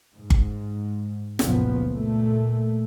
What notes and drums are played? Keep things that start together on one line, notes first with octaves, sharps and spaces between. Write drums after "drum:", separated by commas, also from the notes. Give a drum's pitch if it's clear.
G#2
drum: kick G1
F#1 C#2 A#2 F3 B3, drum: snare
A#2 A3